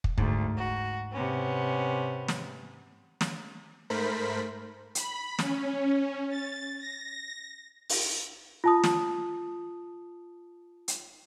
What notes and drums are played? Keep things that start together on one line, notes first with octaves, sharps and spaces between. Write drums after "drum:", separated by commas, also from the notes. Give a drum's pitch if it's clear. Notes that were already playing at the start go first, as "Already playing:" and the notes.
drum: kick
D2 G#2, drum: kick
F#4
C3 B3 C#4
drum: snare
drum: snare
G#2 A3 A#4 C5 B5 B6
B5, drum: hi-hat
C#4, drum: snare
A6
A#6
drum: open hi-hat
F4 A5 D#6
drum: snare
drum: hi-hat